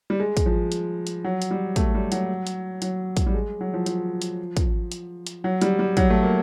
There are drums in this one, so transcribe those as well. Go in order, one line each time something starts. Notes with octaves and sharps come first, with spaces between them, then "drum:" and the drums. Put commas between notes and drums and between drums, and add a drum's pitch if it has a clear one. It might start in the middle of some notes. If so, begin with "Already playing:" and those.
G3
G#3
drum: kick, hi-hat
F3
drum: hi-hat
drum: hi-hat
F#3
drum: hi-hat
G3
A3, drum: kick, hi-hat
G3
F#3, drum: hi-hat
drum: hi-hat
F#3, drum: hi-hat
drum: kick, hi-hat
G3
G#3
F#3
F3
F3, drum: hi-hat
drum: hi-hat
drum: kick, hi-hat
drum: hi-hat
drum: hi-hat
F#3
G3, drum: hi-hat
G3
F#3, drum: kick, hi-hat
A3
A#3